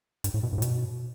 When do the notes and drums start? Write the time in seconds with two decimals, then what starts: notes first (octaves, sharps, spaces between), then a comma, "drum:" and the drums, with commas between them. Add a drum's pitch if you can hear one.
0.24 G2, drum: hi-hat
0.34 A2
0.43 B2
0.53 G2
0.58 A2
0.62 B2, drum: hi-hat